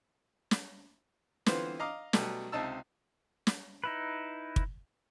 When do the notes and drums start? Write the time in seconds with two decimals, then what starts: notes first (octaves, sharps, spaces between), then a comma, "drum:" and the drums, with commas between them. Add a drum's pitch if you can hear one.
0.51 drum: snare
1.46 D3 E3 B3 C4 F4 C5, drum: snare
1.80 D#5 F5 A#5 D6
2.13 B2 F#3 G3 A3, drum: snare
2.52 C#2 C3 C4 D#4 A5 E6
3.47 drum: snare
3.84 D#4 E4 B4
4.56 drum: kick